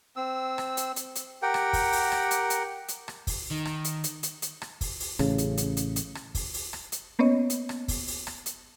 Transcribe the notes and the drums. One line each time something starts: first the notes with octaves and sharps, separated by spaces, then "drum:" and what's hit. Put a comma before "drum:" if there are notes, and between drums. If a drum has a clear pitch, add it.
C4 E6
drum: rim click
drum: hi-hat
drum: hi-hat
drum: hi-hat
G4 A#4 F#5 G5
drum: rim click
drum: kick, open hi-hat
drum: open hi-hat
drum: rim click
drum: hi-hat
drum: hi-hat
drum: hi-hat
drum: rim click
drum: kick, open hi-hat
D#3
drum: rim click
drum: hi-hat
drum: hi-hat
drum: hi-hat
drum: hi-hat
drum: rim click
drum: kick, open hi-hat
drum: open hi-hat
A1 C#3, drum: rim click
drum: hi-hat
drum: hi-hat
drum: hi-hat
drum: hi-hat
drum: rim click
drum: kick, open hi-hat
drum: open hi-hat
drum: rim click
drum: hi-hat
A#3 B3 C#4 C#5 D#5
drum: hi-hat
drum: rim click
drum: kick, open hi-hat
drum: open hi-hat
drum: rim click
drum: hi-hat